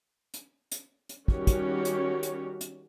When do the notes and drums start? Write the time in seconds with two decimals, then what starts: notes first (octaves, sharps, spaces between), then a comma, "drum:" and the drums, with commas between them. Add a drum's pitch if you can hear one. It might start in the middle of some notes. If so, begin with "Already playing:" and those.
0.34 drum: hi-hat
0.72 drum: hi-hat
1.09 drum: hi-hat
1.28 D#3 G3 C#4 F#4 G4 C#5, drum: kick
1.47 drum: kick, hi-hat
1.85 drum: hi-hat
2.23 drum: hi-hat
2.61 drum: hi-hat